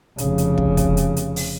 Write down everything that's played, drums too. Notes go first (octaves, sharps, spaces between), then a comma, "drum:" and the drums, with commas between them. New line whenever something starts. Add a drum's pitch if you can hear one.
F1 C#3, drum: hi-hat
drum: hi-hat
drum: kick
drum: kick, hi-hat
drum: hi-hat
drum: hi-hat
drum: open hi-hat